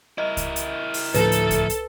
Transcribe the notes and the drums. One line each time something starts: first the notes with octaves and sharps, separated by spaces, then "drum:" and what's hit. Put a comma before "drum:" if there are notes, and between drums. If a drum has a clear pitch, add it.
E4 A#4 D#5
drum: kick C2, hi-hat
drum: hi-hat
drum: open hi-hat
D2 A2 F3 A4 B4, drum: hi-hat
drum: hi-hat
drum: kick C2, hi-hat
drum: hi-hat